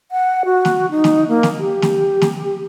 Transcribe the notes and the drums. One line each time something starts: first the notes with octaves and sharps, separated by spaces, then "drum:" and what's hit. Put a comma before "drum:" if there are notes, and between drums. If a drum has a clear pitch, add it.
F#5
F#4
drum: snare
D#4
drum: snare
A#3
drum: snare
G4
drum: snare
drum: snare